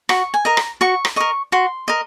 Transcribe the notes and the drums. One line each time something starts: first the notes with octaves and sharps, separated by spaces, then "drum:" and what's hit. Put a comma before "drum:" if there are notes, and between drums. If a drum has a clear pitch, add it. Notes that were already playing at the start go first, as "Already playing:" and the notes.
F#4 C#6, drum: rim click
G#5
A#4 D#5 A#5
drum: rim click
F#4 C#6
drum: rim click
A#4 D#5 C#6
F#4 C6
A#4 D#5